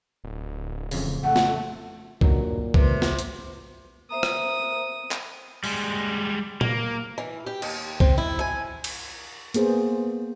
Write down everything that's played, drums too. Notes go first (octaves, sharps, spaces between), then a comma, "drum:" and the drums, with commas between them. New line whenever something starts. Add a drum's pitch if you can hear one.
D1
A1 F2 C#3, drum: open hi-hat
A3 F#5
drum: snare
G2 A#2 D#3 F#3, drum: kick C2
C#2 C3 B4, drum: kick C2
drum: snare
drum: hi-hat
C5 E5 A#5 D#6
drum: rim click
drum: clap
G3 G#3, drum: open hi-hat
A#3, drum: tom A#2
E3
G4
D#2, drum: cymbal
C4, drum: kick C2
E4
G#5
drum: cymbal
A#3 B3 G#4 C5, drum: hi-hat